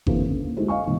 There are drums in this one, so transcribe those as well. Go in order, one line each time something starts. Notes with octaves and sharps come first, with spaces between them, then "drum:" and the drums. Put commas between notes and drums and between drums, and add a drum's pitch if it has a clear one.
D3 E3 A#3 C4 A4 B4, drum: kick G1
D3 C#4
A#3
G#3 A3 D#4 E4 F#4 C5
D#5 F5 G#5 C#6
D#1 A2 E3 B3